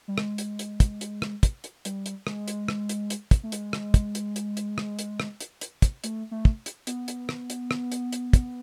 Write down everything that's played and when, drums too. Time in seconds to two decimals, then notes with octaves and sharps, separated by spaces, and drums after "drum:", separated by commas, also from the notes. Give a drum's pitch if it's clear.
0.08 G3
0.18 G#3, drum: rim click
0.38 drum: hi-hat
0.59 drum: hi-hat
0.80 drum: kick, hi-hat
1.01 drum: hi-hat
1.22 drum: rim click
1.43 drum: kick, hi-hat
1.64 drum: hi-hat
1.85 G3, drum: hi-hat
2.06 drum: hi-hat
2.27 G#3, drum: rim click
2.48 drum: hi-hat
2.68 drum: rim click
2.89 drum: hi-hat
3.10 drum: hi-hat
3.31 drum: kick, hi-hat
3.43 A3
3.52 G#3, drum: hi-hat
3.73 drum: rim click
3.94 drum: kick, hi-hat
4.15 drum: hi-hat
4.36 drum: hi-hat
4.57 drum: hi-hat
4.78 drum: rim click
4.99 drum: hi-hat
5.20 drum: rim click
5.40 drum: hi-hat
5.61 drum: hi-hat
5.82 drum: kick, hi-hat
6.04 A3, drum: hi-hat
6.31 A3
6.45 drum: kick
6.66 drum: hi-hat
6.87 B3, drum: hi-hat
7.08 drum: hi-hat
7.29 drum: rim click
7.50 drum: hi-hat
7.71 drum: rim click
7.92 drum: hi-hat
8.13 drum: hi-hat
8.33 drum: kick, hi-hat